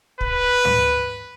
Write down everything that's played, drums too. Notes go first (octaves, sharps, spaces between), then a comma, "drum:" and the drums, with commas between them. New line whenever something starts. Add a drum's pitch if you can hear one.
B4, drum: kick
drum: tom